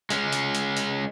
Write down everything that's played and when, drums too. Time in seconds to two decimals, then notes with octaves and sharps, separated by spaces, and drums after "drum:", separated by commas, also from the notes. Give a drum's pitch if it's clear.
0.10 G#3 C#4, drum: hi-hat
0.33 drum: hi-hat
0.55 drum: hi-hat
0.77 drum: hi-hat